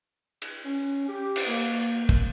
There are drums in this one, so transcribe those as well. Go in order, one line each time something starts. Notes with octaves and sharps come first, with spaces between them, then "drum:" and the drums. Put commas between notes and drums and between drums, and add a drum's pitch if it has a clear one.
drum: cymbal
C#4
G4
drum: cymbal
A#3
drum: kick